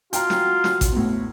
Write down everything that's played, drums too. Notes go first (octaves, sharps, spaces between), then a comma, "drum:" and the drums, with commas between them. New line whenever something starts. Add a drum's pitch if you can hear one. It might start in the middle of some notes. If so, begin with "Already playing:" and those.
F4 F#4 G5 A#5, drum: hi-hat
drum: snare
drum: snare
drum: kick A1, hi-hat
E2 A2